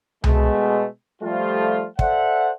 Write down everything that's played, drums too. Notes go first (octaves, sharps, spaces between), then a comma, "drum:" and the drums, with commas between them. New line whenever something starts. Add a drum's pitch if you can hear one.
B2 G#3 A3, drum: tom C2
F3 G3 A3 F4
A4 C5 D5 E5 F#5, drum: kick